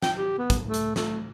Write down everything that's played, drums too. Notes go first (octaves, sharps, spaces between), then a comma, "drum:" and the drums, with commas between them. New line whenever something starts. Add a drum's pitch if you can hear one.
G5, drum: snare
G4
B3
drum: kick, hi-hat
A3
drum: hi-hat
A3, drum: snare